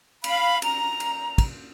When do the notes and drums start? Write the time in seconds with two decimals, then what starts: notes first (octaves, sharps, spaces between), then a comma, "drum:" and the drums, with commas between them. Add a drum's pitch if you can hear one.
0.24 F5 B5, drum: cymbal
0.62 A#5, drum: cymbal
1.00 drum: cymbal
1.38 drum: kick, cymbal